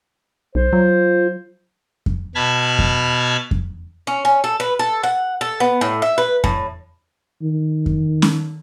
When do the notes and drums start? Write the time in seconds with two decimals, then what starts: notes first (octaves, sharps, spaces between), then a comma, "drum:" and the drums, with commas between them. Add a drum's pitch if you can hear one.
0.55 B1 C5
0.73 F#3 F4
2.06 drum: kick F2
2.35 B2 A5 B5 F6 G#6
2.79 drum: kick F2
3.51 drum: kick F2
4.07 C#4
4.25 C#4
4.44 A4
4.60 B4
4.79 A4
5.04 F#5
5.41 A4
5.60 B3
5.81 A2
6.02 E5
6.18 B4
6.44 A2, drum: kick F2
7.42 D#3
7.86 drum: kick F2
8.22 drum: snare C#4